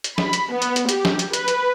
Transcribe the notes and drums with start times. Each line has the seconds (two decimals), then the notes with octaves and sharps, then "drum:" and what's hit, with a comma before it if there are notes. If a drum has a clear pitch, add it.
0.04 drum: hi-hat
0.18 B5, drum: snare
0.33 drum: hi-hat
0.53 B3
0.62 drum: hi-hat
0.76 drum: hi-hat
0.89 G4, drum: hi-hat
1.05 drum: snare
1.19 drum: hi-hat
1.33 B4, drum: hi-hat
1.48 drum: hi-hat